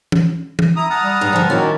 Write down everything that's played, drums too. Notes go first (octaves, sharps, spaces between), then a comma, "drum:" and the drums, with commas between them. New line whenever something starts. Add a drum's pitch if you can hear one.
drum: tom
drum: tom
E4 A#5 D#6
F#5 A5 A#5 D#6 F6
G3
G2
G2 D3 F3
D#3 A#3 C#4 E4 F#4 A#4 A5